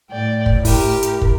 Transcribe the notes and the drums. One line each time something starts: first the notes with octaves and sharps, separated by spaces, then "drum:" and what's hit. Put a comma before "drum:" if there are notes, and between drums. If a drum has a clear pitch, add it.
A2 D5 G5
drum: kick
E4 G4 A#4, drum: kick, open hi-hat
drum: hi-hat
drum: kick